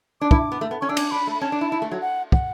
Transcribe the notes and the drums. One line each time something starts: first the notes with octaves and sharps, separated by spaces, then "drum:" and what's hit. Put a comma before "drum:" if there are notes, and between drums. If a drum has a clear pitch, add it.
D4 D6
E4, drum: kick
B3
A3
B3
C#4 C#6
D4 E6
C#4 D6, drum: cymbal
D4 B5
A3
B5
C#4 A5
D4
E4
E4
A3
F#3
F#5
F#5, drum: kick